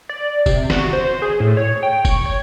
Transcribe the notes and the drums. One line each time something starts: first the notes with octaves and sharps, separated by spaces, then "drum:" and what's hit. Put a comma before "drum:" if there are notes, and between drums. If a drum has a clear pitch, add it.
D5
C3, drum: kick F1, tambourine
F#4, drum: snare
C5
G#4
A2
C#5
G5
C#6, drum: kick F1, tambourine
C#5